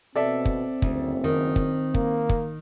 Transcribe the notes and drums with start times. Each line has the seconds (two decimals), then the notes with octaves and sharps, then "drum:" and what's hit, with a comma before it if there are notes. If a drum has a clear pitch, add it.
0.15 B2 C4 A4 D5 E5
0.45 drum: kick
0.82 F#1 D2, drum: kick
1.24 D#3
1.56 drum: kick
1.94 A#3, drum: kick
2.29 drum: kick